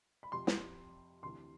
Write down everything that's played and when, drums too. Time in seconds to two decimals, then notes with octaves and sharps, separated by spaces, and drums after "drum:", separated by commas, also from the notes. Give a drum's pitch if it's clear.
0.23 B5
0.32 F2 C3 F3 C6
0.47 drum: snare
1.23 D2 C3 E3 C6